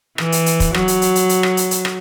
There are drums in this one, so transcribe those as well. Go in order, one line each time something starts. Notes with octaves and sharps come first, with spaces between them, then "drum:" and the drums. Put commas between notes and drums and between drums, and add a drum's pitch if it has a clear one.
E3, drum: rim click
drum: hi-hat
drum: hi-hat
drum: kick, hi-hat
F#3, drum: rim click
drum: hi-hat
drum: hi-hat
drum: hi-hat
drum: hi-hat
drum: rim click
drum: hi-hat
drum: hi-hat
drum: rim click